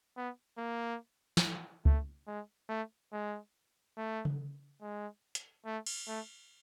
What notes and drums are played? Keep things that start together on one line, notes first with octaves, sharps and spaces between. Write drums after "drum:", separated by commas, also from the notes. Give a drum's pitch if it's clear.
B3
A#3
drum: snare
A3, drum: kick C#2
G#3
A3
G#3
A3
drum: tom C#3
G#3
drum: hi-hat
A3
drum: cymbal
A3